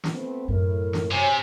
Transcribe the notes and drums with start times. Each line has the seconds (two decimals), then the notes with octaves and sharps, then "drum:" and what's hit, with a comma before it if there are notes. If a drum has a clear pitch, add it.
0.04 drum: snare
0.13 A3 B3 C4
0.48 F#2 A2 A#4
0.93 drum: snare
1.11 C3 F#4 C#5 G#5